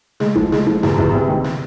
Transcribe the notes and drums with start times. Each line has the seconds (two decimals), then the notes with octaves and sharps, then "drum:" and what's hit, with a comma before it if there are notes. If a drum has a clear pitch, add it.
0.20 G#3, drum: snare
0.36 F3, drum: kick G#1
0.52 G#3, drum: snare
0.67 F3
0.83 E2, drum: snare
0.98 E2, drum: kick G#1
1.13 C3
1.28 D#3
1.44 drum: snare